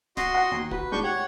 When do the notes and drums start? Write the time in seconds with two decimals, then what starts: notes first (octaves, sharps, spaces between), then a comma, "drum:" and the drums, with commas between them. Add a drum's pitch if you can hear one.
0.17 F#4 D#5 C6, drum: snare D1
0.34 F#5
0.51 D#2
0.71 F#4 B4, drum: kick
0.92 A2 G#3 D4 C#6 G6
1.04 G4 C#5 F#5